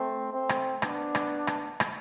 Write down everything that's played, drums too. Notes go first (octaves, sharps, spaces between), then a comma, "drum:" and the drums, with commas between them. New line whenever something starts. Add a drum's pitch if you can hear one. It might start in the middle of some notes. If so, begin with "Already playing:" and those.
Already playing: A3 C4
A3 C4
drum: rim click
B3 D4, drum: rim click
drum: rim click
drum: rim click
drum: rim click